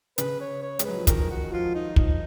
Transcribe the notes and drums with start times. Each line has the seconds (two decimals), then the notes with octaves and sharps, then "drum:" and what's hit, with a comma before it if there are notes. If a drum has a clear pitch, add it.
0.18 C#3 B4, drum: hi-hat
0.40 C#5
0.62 C#5
0.79 G#3, drum: hi-hat
0.85 F#3 B4
0.97 F3
1.07 D#3 A#4, drum: kick, hi-hat
1.30 F#4
1.52 F3 F4
1.74 D#4
1.96 F3 D#4, drum: kick